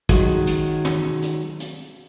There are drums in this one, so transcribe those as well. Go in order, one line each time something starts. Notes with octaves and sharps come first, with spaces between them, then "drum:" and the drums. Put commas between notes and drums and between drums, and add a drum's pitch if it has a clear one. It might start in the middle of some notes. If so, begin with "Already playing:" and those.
D#3 F#3 G#3 F#4, drum: kick, hi-hat
drum: hi-hat
drum: tom
drum: hi-hat
drum: hi-hat